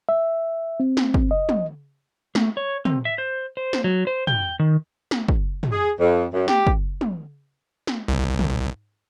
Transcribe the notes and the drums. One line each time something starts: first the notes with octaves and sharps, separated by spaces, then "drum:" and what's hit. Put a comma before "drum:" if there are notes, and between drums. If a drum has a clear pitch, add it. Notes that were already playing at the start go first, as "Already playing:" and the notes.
E5
C4
drum: snare
drum: kick
D#5
drum: tom
A3, drum: snare
C#5
C4, drum: tom
E5
C5
C5
drum: snare
F#3
C5
G5, drum: tom
D#3
drum: snare
drum: kick
drum: tom
G#4
F2
F#2
G4, drum: snare
drum: kick
drum: tom
drum: snare
C2
drum: tom